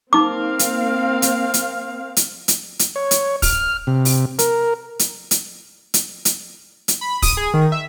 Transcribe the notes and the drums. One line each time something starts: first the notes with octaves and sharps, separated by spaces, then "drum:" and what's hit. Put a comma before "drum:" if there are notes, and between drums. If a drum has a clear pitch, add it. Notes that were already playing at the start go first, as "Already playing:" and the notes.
A#3 C4 D#4 F5 D6
drum: hi-hat
drum: hi-hat
drum: hi-hat
drum: hi-hat
drum: hi-hat
drum: hi-hat
C#5
drum: hi-hat
F6, drum: kick, open hi-hat
C3
drum: open hi-hat
A#4, drum: hi-hat
drum: hi-hat
drum: hi-hat
drum: hi-hat
drum: hi-hat
drum: hi-hat
B5
D#6, drum: kick, open hi-hat
G#4
D#3
E5